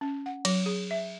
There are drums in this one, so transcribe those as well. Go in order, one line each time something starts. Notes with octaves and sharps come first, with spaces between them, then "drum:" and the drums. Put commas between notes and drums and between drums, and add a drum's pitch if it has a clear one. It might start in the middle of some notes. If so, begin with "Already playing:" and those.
C#4
F#5
F#3, drum: cymbal
G#4
E5